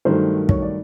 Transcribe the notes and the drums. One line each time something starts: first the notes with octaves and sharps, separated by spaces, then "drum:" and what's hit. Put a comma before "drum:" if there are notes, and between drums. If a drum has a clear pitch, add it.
G2 D#3 F#3 A3 A#4 C5
C#5, drum: kick
D5